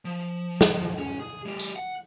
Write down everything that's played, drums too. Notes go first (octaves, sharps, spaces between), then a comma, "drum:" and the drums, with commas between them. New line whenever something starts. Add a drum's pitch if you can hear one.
F3
drum: snare
C#4
G#4
G#3 G4
drum: tambourine
F#5